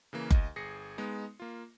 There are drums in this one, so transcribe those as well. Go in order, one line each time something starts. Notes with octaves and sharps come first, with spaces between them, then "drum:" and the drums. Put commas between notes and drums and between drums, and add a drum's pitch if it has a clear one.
C#3 E3 A#3
D2 D#5, drum: kick F#1
G1 G#4 A#6 C7 C#7
G#3 B3 D#4
A#3 F4